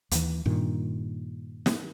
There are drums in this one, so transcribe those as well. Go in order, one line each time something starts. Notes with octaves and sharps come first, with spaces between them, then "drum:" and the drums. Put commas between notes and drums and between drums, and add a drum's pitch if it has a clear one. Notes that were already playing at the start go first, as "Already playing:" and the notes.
D#2 E3, drum: hi-hat
G2 A#2 D#3
drum: snare